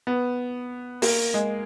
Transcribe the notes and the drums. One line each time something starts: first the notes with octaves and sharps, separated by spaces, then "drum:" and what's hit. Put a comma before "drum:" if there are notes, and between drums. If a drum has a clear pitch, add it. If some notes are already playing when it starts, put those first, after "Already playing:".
B3
A#3, drum: open hi-hat
G#3